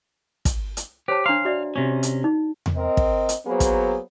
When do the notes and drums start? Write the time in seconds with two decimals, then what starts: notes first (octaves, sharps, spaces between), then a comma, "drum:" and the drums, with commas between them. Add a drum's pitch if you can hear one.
0.45 drum: kick, hi-hat
0.77 drum: hi-hat
1.08 G4 C5 C#5 A5
1.26 D4 F5 A#5 C6
1.45 F#4 D5 E5
1.76 C3 C#4
2.03 drum: hi-hat
2.24 D#4
2.66 drum: tom E2
2.76 C4 A#4 D#5
2.97 drum: kick
3.29 drum: hi-hat
3.46 F#3 A#3 B3 G#4 C5
3.60 drum: kick, hi-hat